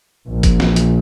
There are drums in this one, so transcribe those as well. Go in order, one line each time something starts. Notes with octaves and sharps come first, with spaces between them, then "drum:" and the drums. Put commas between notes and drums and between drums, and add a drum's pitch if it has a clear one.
A#1 A#2
drum: kick, hi-hat
drum: snare
drum: hi-hat